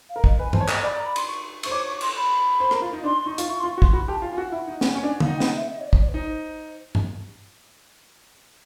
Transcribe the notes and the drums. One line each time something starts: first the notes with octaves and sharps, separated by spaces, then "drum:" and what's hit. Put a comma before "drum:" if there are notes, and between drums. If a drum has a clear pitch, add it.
F5
A#4
D#5, drum: kick
B4 G#5
C5 A5, drum: tom G2
C#5
A#5, drum: clap
D5 B5
A#5
B5
C6, drum: cymbal
C#6
C5 C#6, drum: cymbal
C#5 D6
C#6
C6, drum: cymbal
B5
C5
A#4, drum: rim click
F4
D#4
D4 C6
C6
D#4 C#6
F4, drum: hi-hat
E4 C#6
C6
F4
C#6
F#4
C6, drum: kick
F#4 B5
G4 A5
F4 G#5
F4
F#4 F#5
E4
D#4
C#4, drum: snare
C#4
D4
F5, drum: tom
D#4 F#5
G5
F#5, drum: snare
E5
D#5
C#5
D5
C#5, drum: kick
D5
B4
D#4 C5
drum: tom G2